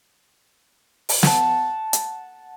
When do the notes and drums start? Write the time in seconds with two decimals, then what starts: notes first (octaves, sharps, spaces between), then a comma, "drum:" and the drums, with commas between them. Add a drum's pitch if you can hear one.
1.09 drum: open hi-hat
1.23 F#5 A5, drum: snare
1.93 drum: hi-hat